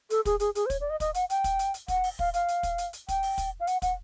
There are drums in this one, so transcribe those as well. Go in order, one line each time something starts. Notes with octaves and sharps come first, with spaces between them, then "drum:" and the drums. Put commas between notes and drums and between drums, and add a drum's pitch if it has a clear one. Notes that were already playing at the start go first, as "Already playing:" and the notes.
A4, drum: hi-hat
G#4, drum: kick, hi-hat
G#4, drum: hi-hat
G#4, drum: hi-hat
C5
C#5, drum: kick, hi-hat
D5
D#5
D#5, drum: kick, hi-hat
F#5, drum: hi-hat
G5, drum: hi-hat
drum: kick, hi-hat
drum: hi-hat
drum: hi-hat
F#5, drum: kick, hi-hat
drum: open hi-hat
F5, drum: kick
F5, drum: hi-hat
drum: hi-hat
drum: kick, hi-hat
drum: hi-hat
drum: hi-hat
G5, drum: kick, hi-hat
drum: open hi-hat
drum: kick, hi-hat
F5
F#5, drum: hi-hat
F#5, drum: kick, hi-hat